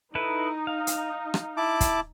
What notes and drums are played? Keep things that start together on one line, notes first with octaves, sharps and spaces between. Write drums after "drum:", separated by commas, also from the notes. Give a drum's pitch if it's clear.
D#4 E4 A4 B4
F5
drum: hi-hat
drum: rim click
E4 A5 D6
drum: kick, hi-hat